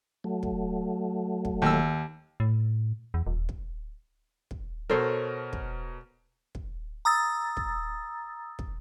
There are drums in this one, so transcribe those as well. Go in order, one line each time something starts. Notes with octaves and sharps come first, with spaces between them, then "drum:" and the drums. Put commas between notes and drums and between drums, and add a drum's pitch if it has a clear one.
F#3 A3
drum: kick
drum: kick
D#2 E6
A2
E2
D#1
drum: kick
drum: kick
B2 A4 A#4 C5 C#5
drum: kick
drum: kick
A#5 D#6 E6 A6
drum: kick
drum: kick